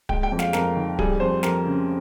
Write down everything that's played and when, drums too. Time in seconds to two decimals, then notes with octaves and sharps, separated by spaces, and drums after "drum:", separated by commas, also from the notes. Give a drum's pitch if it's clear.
0.09 G#3 G5, drum: kick D1
0.23 G5
0.32 F2
0.39 F5, drum: snare
0.53 F2 A#4, drum: snare
0.76 D#3
0.99 G3 G#4, drum: kick D1
1.20 F2 C5
1.43 F2 A#4, drum: snare
1.65 C#3